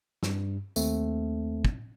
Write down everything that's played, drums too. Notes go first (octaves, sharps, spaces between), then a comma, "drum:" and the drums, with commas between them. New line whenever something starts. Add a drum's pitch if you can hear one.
G2, drum: snare
D#2 A3 C4, drum: tambourine
drum: kick